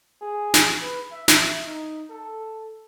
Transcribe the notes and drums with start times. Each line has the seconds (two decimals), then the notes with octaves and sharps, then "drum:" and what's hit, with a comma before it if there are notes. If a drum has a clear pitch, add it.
0.21 G#4
0.54 drum: snare
0.81 B4
1.11 E5
1.28 drum: snare
1.65 D#4
2.10 A4